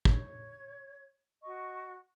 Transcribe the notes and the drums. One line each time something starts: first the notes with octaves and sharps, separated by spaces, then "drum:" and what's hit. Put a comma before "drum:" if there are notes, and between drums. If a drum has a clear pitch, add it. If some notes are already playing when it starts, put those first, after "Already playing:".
C#5 G#6, drum: kick
F#4 D#5 C#6